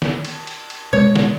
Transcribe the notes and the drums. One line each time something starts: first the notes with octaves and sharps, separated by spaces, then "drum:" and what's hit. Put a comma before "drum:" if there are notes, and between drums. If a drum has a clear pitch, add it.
drum: snare
drum: cymbal
drum: cymbal
drum: cymbal
B2 G#3 C#5
drum: snare